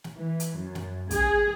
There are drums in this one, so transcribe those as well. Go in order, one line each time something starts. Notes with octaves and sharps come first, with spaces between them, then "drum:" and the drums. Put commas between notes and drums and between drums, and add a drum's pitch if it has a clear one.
drum: snare
E3
drum: hi-hat
F#2
drum: snare
G#4, drum: kick, hi-hat